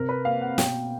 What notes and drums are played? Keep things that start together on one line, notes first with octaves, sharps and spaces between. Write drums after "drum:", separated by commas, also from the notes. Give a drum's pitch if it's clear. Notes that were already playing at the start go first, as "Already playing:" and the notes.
Already playing: C3 A#4
B4
A#3 F5
F#5
B2 G5, drum: snare